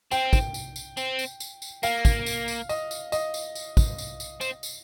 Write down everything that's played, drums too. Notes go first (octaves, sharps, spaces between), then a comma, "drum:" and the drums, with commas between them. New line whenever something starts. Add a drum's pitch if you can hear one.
C4 G5, drum: tambourine
drum: kick, tambourine
drum: tambourine
drum: tambourine
C4, drum: tambourine
drum: tambourine
drum: tambourine
drum: tambourine
A#3 F5, drum: tambourine
drum: kick, tambourine
drum: tambourine
drum: tambourine
D#5, drum: tambourine
drum: tambourine
D#5, drum: tambourine
drum: tambourine
drum: tambourine
drum: kick, tambourine
drum: tambourine
drum: tambourine
C4, drum: tambourine
drum: tambourine